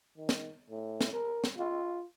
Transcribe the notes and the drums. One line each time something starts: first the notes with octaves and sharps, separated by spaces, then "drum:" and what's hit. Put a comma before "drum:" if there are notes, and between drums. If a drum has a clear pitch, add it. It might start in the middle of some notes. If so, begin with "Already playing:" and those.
D#3
drum: snare
A2
drum: snare
A#4
drum: snare
F4